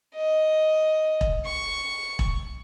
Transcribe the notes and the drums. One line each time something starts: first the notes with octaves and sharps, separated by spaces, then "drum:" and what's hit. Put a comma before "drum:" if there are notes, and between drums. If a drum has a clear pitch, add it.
D#5
drum: kick E1
C#6
drum: kick E1